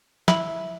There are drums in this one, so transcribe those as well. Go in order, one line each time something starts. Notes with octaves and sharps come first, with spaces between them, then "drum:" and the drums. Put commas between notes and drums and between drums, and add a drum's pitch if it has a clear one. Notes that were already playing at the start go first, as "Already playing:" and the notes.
E4, drum: snare